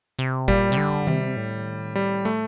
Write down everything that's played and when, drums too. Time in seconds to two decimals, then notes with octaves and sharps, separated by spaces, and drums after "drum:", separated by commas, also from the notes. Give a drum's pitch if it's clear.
0.19 C3
0.48 A#2 G3, drum: kick G1
0.72 C3
0.77 D3
1.07 C3, drum: tom D#3
1.36 A2
1.95 G3
2.25 A3